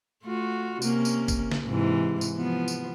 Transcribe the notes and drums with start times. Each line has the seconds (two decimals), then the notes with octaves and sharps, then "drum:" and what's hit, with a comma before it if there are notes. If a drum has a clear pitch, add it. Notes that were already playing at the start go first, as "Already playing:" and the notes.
0.24 A3 F4 F#4
0.82 C3 A#3 C#4, drum: tambourine
1.05 drum: tambourine
1.28 drum: kick A#1, tambourine
1.51 drum: snare
1.67 G#2 C3 E3
2.21 drum: tambourine
2.37 F3 B3
2.68 drum: tambourine